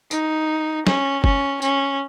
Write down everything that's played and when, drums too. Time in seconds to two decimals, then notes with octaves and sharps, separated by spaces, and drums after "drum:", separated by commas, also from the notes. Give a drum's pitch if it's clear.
0.11 D#4, drum: tambourine
0.87 C#4, drum: snare
1.24 C#4, drum: kick F#1
1.62 C#4, drum: tambourine